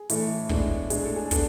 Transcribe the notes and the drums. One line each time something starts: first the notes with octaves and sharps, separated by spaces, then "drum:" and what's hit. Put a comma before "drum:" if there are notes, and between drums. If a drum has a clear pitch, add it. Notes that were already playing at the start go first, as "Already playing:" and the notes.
Already playing: G#4
A2 E3 A3, drum: hi-hat
A2 G#3 B3 D4, drum: kick
A2 G#3 D4 G#4, drum: hi-hat
A4
G#4
B3 D4 A4, drum: kick, hi-hat